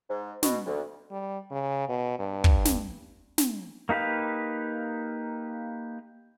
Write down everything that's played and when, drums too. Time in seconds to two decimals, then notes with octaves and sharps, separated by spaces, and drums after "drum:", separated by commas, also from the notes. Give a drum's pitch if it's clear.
0.09 G#2
0.43 B2, drum: snare
0.66 D2
1.11 G3
1.51 C#3
1.89 B2
2.19 G2
2.44 drum: kick
2.65 drum: snare
3.38 drum: snare
3.89 A#3 D#4 G4 B4 F5